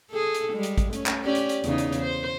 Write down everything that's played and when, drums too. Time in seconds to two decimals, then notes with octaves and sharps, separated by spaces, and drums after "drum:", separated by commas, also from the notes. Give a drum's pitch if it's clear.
0.11 G#4 A4
0.34 drum: hi-hat
0.53 G3 G#3
0.63 drum: hi-hat
0.78 drum: kick G#1, hi-hat
0.93 A3 C#4, drum: hi-hat
1.06 drum: clap
1.24 C#4 G4 D5
1.35 drum: hi-hat
1.49 drum: hi-hat
1.64 E2 C#3 D#4, drum: hi-hat
1.78 drum: hi-hat
1.92 drum: hi-hat
2.02 C5